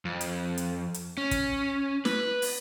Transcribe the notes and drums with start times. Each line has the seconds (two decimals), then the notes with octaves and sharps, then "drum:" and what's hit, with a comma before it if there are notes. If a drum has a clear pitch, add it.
0.05 F2
0.21 drum: hi-hat
0.58 drum: hi-hat
0.94 drum: hi-hat
1.17 C#4
1.31 drum: kick, hi-hat
2.05 B4, drum: snare
2.42 drum: open hi-hat